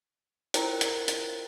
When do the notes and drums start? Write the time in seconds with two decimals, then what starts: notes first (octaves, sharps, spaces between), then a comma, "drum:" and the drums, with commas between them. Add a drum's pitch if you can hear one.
0.54 E4 F4 A#4 C5 G5 A#5, drum: hi-hat
0.81 drum: hi-hat
1.08 drum: hi-hat